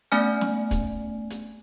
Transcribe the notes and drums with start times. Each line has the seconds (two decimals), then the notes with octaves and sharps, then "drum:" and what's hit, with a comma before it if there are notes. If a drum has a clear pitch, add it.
0.12 A3 B3 C#4 D5 G#5 F6, drum: hi-hat
0.41 drum: snare
0.71 drum: kick, hi-hat
1.30 drum: hi-hat